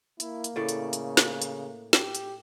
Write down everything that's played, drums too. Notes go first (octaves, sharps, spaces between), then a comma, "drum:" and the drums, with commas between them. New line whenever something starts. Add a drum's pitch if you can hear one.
A#3 E4, drum: hi-hat
drum: hi-hat
A2 C#3 A3 D5
drum: hi-hat
drum: hi-hat
drum: snare
drum: hi-hat
G4, drum: snare
drum: hi-hat